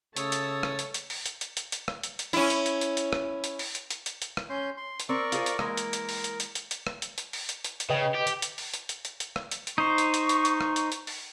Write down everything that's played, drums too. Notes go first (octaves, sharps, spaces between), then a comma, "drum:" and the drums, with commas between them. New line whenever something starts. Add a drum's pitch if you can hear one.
C#3 A3 C#5 A5 D#6 E6, drum: hi-hat
drum: hi-hat
drum: rim click
drum: hi-hat
drum: hi-hat
drum: open hi-hat
drum: hi-hat
drum: hi-hat
drum: hi-hat
drum: hi-hat
drum: rim click
drum: hi-hat
drum: hi-hat
C#4 E4, drum: open hi-hat
drum: hi-hat
drum: hi-hat
drum: hi-hat
drum: hi-hat
drum: rim click
drum: hi-hat
drum: open hi-hat
drum: hi-hat
drum: hi-hat
drum: hi-hat
drum: hi-hat
drum: rim click
C#4 C6 G6
C6
drum: hi-hat
C4 A#4 D5 C#6
F4 G#4 C5, drum: hi-hat
drum: hi-hat
E3 G#3 A#3 A#4, drum: rim click
drum: hi-hat
drum: hi-hat
drum: open hi-hat
drum: hi-hat
drum: hi-hat
drum: hi-hat
drum: hi-hat
drum: rim click
drum: hi-hat
drum: hi-hat
drum: open hi-hat
drum: hi-hat
drum: hi-hat
drum: hi-hat
C#3 B4 D#5 G5
G4
drum: hi-hat
drum: hi-hat
drum: open hi-hat
drum: hi-hat
drum: hi-hat
drum: hi-hat
drum: hi-hat
drum: rim click
drum: hi-hat
drum: hi-hat
D#4 C5 C#6
drum: hi-hat
drum: hi-hat
drum: hi-hat
drum: hi-hat
drum: rim click
drum: hi-hat
drum: hi-hat
drum: open hi-hat